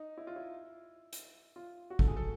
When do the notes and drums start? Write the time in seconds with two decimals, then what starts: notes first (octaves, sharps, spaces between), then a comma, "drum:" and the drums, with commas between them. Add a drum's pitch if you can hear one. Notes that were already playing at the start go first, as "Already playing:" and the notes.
Already playing: D#4
0.18 E4
0.27 F4
0.36 E4
1.13 drum: hi-hat
1.56 F4
1.90 F#4
1.99 A4, drum: kick
2.08 G#4
2.17 A4